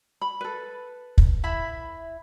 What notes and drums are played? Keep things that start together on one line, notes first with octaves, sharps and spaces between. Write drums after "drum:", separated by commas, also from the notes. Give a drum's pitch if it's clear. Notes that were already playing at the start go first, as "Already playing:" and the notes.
B5
A4 B4
drum: kick
E4 E5 B5